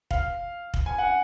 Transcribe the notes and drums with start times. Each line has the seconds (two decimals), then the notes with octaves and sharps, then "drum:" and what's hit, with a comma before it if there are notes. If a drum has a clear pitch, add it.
0.11 F5, drum: kick
0.74 drum: kick
0.86 G#5
0.98 F#5